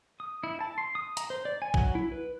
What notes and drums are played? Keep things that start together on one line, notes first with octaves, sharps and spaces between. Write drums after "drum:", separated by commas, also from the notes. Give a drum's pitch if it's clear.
D#6
E4
A5
C6
D#6
A#5, drum: hi-hat
C5
D5
G#5
F#3, drum: kick
E4
B4